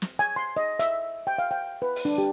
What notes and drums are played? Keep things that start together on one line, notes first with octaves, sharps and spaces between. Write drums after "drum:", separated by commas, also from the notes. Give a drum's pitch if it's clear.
drum: snare
G#5
C6
D#5
E5, drum: hi-hat
G5
F5
G5
B4
drum: open hi-hat
D4
G4